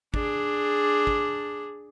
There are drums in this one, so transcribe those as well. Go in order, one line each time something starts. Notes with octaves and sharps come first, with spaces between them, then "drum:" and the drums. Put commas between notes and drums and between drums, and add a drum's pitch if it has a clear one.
D4 G#4, drum: kick
drum: kick